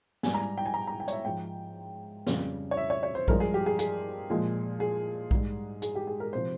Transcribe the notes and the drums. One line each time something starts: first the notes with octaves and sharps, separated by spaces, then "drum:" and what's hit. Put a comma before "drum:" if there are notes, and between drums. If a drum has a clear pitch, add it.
G#2 G3 G#5, drum: snare
A#5
G#5
G5
G#5
A#5
A#5
G5
C#5, drum: hi-hat
E5
G#2 F3 G#3 G5
F2 C#3 G3, drum: snare
C#5
E5
C#5
C#5
C5
G2 F3 G#3 A#4, drum: kick A#1
G#4
G4
G#4
G#4, drum: hi-hat
A#2 F3 G#3
G#4
G#2 G3, drum: kick A#1
G#4, drum: hi-hat
G4
G#4
A#4
C3 F3 C5